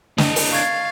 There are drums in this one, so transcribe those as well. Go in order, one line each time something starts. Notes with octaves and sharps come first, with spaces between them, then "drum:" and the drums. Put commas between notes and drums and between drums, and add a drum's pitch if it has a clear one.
D4 D#5, drum: snare
drum: open hi-hat
F5 C#6 G#6 A6